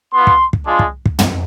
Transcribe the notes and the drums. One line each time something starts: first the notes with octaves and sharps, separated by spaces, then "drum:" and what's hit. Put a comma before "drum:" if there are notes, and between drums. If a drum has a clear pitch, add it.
B3 F4 C6
drum: kick
drum: kick
G#3 D4 F4
drum: kick
drum: kick
drum: tom